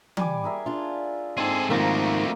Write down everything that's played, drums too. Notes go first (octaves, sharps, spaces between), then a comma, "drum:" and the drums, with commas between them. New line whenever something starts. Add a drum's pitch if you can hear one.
G3 G#5 D6, drum: tom E3
G#4 A#4 E5
D4 F4
G#2 C4 G#4 A4
G#2 D#3 F3 A3 A#3 F#4 A#4